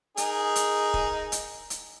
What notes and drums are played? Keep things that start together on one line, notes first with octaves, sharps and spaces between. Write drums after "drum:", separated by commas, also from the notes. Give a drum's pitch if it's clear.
D#4 G#4 A#4, drum: hi-hat
drum: hi-hat
drum: kick E1
drum: hi-hat
drum: hi-hat